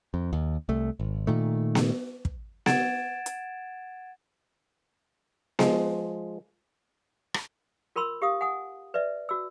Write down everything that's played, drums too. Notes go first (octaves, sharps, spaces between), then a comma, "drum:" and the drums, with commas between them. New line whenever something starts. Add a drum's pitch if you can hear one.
F2
D#2
C2 A3
G#1
A#2 D#3 A3
drum: snare B3
drum: kick
F#5 G#6 A6 D7 E7, drum: snare B3
drum: hi-hat
F3 G#3, drum: snare B3
drum: rim click
F4 A#4 B5 C6 E6
G4 F5 D#6
F#5 G#5 D#6
B4 D5 E5
F#4 E6